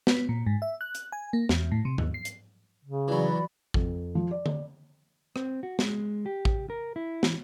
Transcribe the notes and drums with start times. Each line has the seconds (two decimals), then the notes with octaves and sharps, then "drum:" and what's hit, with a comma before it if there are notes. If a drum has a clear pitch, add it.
0.07 B3, drum: snare
0.29 A#2
0.46 G#2
0.62 E5
0.81 F#6
0.95 drum: hi-hat
1.12 G#5
1.33 A#3
1.49 E2, drum: snare
1.72 A2
1.85 C3
1.98 D#2, drum: tom G#2
2.14 C7
2.25 drum: hi-hat
2.85 C#3
3.08 E3 F#3 F#4 D5 B5
3.74 F2, drum: kick A1
4.15 F3
4.31 D5
4.46 drum: tom D3
5.36 C4, drum: rim click
5.63 F#4
5.79 G#3, drum: snare
6.26 G4
6.45 drum: kick A1
6.70 A#4
6.96 E4
7.23 E3, drum: snare